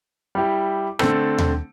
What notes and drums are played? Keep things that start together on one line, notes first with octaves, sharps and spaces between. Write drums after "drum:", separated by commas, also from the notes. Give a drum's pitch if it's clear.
G3 E4 G4
D3 A3 C4 A4, drum: rim click
drum: tom D#2